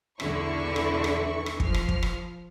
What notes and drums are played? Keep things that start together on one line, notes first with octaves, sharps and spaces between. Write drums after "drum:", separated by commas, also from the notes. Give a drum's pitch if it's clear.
B1 E2 D3 E3 E4 C#6, drum: rim click
drum: rim click
drum: rim click
drum: rim click
F3 F6, drum: kick
drum: rim click
drum: kick
drum: rim click